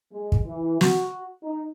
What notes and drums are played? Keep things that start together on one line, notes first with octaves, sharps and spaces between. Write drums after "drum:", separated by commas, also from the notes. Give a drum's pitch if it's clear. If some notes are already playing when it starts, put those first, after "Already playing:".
G#3
drum: kick
E3
F#4, drum: snare
D#4